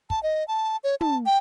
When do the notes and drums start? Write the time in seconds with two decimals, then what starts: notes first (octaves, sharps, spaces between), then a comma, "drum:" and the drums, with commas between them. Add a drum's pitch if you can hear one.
0.10 A5, drum: kick
0.23 D#5
0.48 A5
0.84 C#5
1.01 A5, drum: tom
1.26 G5